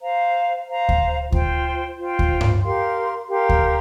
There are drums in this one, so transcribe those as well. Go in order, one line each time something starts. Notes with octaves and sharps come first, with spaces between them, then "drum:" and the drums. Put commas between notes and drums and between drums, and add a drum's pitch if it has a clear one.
C5 F5 A#5
C5 F5 A#5
drum: kick D2
F4 C5 G5, drum: kick D2
F4 C5 G5
drum: kick D2
drum: tom G2
G4 A#4 F5 C6
G4 A#4 F5 C6
drum: kick D2